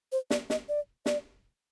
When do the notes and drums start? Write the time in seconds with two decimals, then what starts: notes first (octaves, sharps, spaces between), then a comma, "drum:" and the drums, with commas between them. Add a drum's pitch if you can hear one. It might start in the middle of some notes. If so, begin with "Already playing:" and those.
0.12 C5
0.30 D5, drum: snare
0.50 D#5, drum: snare
0.69 D5
1.06 D5, drum: snare